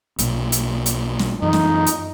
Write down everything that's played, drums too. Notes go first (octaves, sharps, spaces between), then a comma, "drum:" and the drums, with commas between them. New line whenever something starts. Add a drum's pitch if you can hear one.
B1 A#2, drum: hi-hat
drum: hi-hat
drum: hi-hat
drum: snare
F#2 E3 D#4
drum: snare
drum: hi-hat